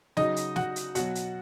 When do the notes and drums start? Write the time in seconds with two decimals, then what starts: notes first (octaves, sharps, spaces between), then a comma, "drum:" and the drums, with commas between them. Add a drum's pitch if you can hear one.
0.17 C#3 F#3 D#4 D#5, drum: snare
0.36 drum: hi-hat
0.56 F#4 F#5, drum: snare
0.76 drum: hi-hat
0.95 B2 F#3 F#4 F#5, drum: hi-hat
1.15 drum: hi-hat